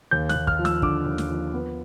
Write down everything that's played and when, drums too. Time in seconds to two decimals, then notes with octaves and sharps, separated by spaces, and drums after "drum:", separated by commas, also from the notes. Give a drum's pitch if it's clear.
0.11 D#2 G6
0.29 F#6, drum: snare
0.35 D#2
0.47 F6, drum: kick
0.59 F3
0.65 E6, drum: snare
0.82 D3 D6, drum: kick
1.06 D#2
1.18 drum: snare
1.30 F3
1.54 B3